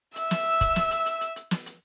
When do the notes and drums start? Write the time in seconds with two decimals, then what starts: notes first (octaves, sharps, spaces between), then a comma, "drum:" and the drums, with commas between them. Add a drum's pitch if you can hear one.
0.16 E5 E6, drum: hi-hat
0.31 drum: snare
0.61 drum: kick, hi-hat
0.76 drum: snare
0.91 drum: hi-hat
1.06 drum: hi-hat
1.21 drum: hi-hat
1.36 drum: hi-hat
1.51 drum: snare
1.66 drum: hi-hat